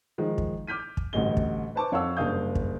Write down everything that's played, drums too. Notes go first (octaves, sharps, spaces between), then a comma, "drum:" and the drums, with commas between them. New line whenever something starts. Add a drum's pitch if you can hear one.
D#3 F3 G#3
drum: kick
D6 F6 G6 B6 D#7
drum: kick
A1 D2 G3 D#5 G7
drum: kick
B4 C5 A5 C#6 D6
F2 C#5 F5 F#5 C#6 E6
F#1 G2 A#4 F5 D#6 G6
drum: kick